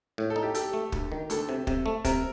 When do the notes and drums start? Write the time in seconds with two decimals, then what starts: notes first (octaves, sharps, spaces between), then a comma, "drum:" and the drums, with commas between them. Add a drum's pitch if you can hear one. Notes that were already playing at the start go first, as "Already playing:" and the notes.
0.18 A2
0.30 A4
0.36 D#4
0.43 G4
0.54 G4 A4, drum: hi-hat
0.73 A3
0.92 D2, drum: kick
1.12 D#3
1.30 D2 A4, drum: hi-hat
1.49 C3
1.67 C3, drum: kick
1.86 A3
2.05 C3 A#4, drum: kick, hi-hat